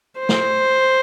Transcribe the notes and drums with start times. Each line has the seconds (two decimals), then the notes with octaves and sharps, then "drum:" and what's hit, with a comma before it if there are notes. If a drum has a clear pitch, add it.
0.18 C5
0.29 drum: snare